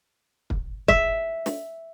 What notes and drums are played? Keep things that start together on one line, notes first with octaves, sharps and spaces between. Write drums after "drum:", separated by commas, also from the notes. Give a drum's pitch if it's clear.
drum: kick
E5, drum: kick
drum: snare